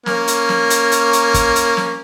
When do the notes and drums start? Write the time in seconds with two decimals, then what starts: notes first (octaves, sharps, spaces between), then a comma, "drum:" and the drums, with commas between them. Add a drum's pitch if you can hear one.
0.06 A#3 C#4, drum: snare
0.27 drum: hi-hat
0.49 drum: snare
0.70 drum: hi-hat
0.92 drum: hi-hat
1.13 drum: hi-hat
1.34 drum: kick, hi-hat
1.56 drum: hi-hat
1.77 drum: snare